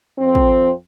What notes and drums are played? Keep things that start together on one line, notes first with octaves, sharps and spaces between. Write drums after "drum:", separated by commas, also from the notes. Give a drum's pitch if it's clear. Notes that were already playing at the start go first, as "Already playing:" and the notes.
F2 C4
drum: kick